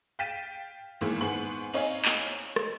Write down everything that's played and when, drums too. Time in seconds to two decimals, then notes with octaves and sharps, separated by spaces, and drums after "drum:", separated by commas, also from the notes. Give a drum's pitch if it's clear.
0.19 F5 G5 A6 B6 D#7 E7
1.01 G#1 E2 D#3 G#3 A#3 E4
1.21 G#2 B3 G#4 C#6 F#7
1.73 C4 D#4 C#5 F5 G#5, drum: cymbal
2.05 drum: clap
2.56 drum: rim click